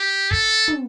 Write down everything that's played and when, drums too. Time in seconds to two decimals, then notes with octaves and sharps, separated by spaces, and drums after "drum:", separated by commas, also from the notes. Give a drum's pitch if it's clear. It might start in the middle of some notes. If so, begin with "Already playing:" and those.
Already playing: G4
0.31 A4, drum: kick
0.68 drum: tom